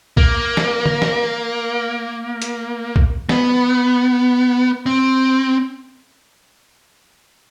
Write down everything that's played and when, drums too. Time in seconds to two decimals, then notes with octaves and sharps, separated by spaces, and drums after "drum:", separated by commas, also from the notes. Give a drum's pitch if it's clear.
0.17 A#3, drum: kick
0.57 drum: snare
0.86 drum: tom D3
1.02 drum: snare
2.42 drum: hi-hat
2.96 drum: kick
3.29 B3, drum: snare
4.86 C4